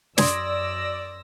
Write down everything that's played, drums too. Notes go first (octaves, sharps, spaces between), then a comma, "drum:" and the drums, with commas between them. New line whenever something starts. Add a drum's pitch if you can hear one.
F#2 D5 C6 D#6 E6 G#6 A#6, drum: snare